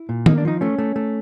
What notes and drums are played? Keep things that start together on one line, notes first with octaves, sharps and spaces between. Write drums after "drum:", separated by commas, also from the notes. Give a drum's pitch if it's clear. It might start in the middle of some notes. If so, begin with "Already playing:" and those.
Already playing: E4
A#2
A#3 D#4, drum: tom D#3
D4
F3 D#4
A3 C#4
A3
A3